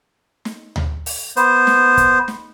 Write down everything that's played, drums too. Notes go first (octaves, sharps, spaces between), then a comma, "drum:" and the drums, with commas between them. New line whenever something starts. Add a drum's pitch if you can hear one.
drum: snare
drum: tom D2
drum: open hi-hat
B3 C5, drum: hi-hat
drum: snare
drum: kick, hi-hat
drum: snare